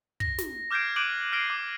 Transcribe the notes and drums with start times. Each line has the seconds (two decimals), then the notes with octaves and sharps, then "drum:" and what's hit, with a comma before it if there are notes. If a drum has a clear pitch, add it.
0.20 A#6, drum: kick
0.38 drum: snare
0.71 D6 F6 G6 G#6 C7 D7
0.96 D6 F#6 G6 D7 D#7 F#7
1.32 F6 G#6 A#6 C7 D7 G7
1.50 D6